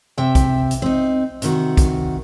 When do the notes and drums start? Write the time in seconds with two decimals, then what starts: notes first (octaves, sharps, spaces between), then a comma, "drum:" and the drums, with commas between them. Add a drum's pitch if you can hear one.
0.18 C3 E5 G5
0.35 drum: kick A#1, hi-hat
0.71 drum: hi-hat
0.82 C4 D#4
1.42 C3 D#3 F#4, drum: hi-hat
1.77 drum: kick A#1, hi-hat